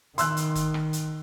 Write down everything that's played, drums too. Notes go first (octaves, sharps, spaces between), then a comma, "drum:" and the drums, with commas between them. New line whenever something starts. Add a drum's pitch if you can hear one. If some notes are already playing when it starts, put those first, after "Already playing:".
D#3 C6 E6 F#6, drum: hi-hat
drum: hi-hat
drum: kick F1, hi-hat
drum: rim click
drum: hi-hat